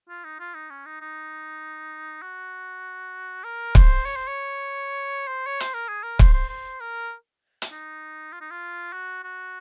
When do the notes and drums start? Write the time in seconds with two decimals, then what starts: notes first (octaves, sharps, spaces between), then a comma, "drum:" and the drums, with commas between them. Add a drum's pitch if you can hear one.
0.09 F4
0.24 D#4
0.39 F4
0.54 D#4
0.70 C#4
0.85 D#4
1.01 D#4
2.22 F#4
3.44 A#4
3.75 C5, drum: kick C#1
4.05 C#5
4.16 C5
4.28 C#5
5.27 C5
5.46 C#5
5.60 C5, drum: hi-hat
5.74 A#4
5.88 G#4
6.03 A#4
6.19 C5, drum: kick C#1
6.34 C5
6.49 C5
6.80 A#4
7.62 drum: hi-hat
7.71 D#4
8.32 F4
8.41 D#4
8.51 F4
8.93 F#4
9.24 F#4